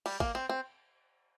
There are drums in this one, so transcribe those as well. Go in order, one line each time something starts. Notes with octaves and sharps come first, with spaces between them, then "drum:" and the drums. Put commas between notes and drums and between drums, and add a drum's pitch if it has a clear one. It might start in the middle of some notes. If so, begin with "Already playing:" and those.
G3, drum: cymbal
A#3, drum: kick G#1
C4
C4